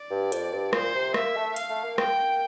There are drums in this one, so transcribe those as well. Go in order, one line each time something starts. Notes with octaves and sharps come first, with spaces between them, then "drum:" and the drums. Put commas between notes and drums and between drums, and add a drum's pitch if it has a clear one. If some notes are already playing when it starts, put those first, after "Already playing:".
Already playing: D5
G2
F2, drum: hi-hat
G2
A#2 C5, drum: rim click
C3
A#3 E5, drum: rim click
A3
F5, drum: hi-hat
A3
A#3
G5, drum: rim click